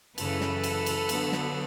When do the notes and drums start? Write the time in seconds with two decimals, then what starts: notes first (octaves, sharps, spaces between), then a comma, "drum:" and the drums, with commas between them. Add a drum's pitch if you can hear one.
0.18 F#2 C#3 E3 A4 B4, drum: cymbal
0.41 drum: snare
0.64 drum: cymbal
0.86 drum: cymbal
1.09 D3 F#3 B3, drum: cymbal
1.32 drum: snare